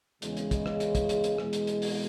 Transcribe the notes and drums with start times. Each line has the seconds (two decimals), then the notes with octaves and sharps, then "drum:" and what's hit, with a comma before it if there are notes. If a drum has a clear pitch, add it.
0.22 E2 C#3 G#3, drum: hi-hat
0.37 drum: hi-hat
0.51 drum: kick, hi-hat
0.66 drum: rim click
0.80 drum: hi-hat
0.95 drum: kick, hi-hat
1.09 drum: hi-hat
1.24 drum: hi-hat
1.38 E2 B2 G#3, drum: rim click
1.53 drum: hi-hat
1.67 drum: hi-hat
1.82 drum: open hi-hat